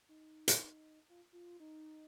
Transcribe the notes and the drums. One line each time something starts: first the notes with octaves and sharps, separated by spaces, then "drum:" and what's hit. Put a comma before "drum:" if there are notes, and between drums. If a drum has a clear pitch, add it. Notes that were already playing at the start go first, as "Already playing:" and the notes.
D#4
drum: hi-hat
F4
F4
D#4